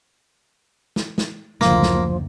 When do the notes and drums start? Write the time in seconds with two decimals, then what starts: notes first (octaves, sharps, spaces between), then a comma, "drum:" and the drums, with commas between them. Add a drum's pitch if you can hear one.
0.96 drum: snare
1.18 drum: snare
1.61 F#1 D2 F3 A#3, drum: snare
1.83 drum: snare